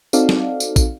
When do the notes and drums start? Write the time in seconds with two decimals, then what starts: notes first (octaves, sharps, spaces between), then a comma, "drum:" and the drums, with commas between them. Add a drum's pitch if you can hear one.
0.13 C4 D#4 F#4 A4 D5 F5, drum: tambourine
0.29 drum: snare
0.60 drum: tambourine
0.76 drum: kick, tambourine